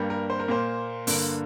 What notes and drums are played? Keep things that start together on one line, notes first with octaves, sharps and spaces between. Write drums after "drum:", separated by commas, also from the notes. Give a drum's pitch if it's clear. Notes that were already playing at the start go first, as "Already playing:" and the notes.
Already playing: G2 G3 A#3
A#4
C5
A#4
A#2 A#3 C5
G2 D3 A#3, drum: open hi-hat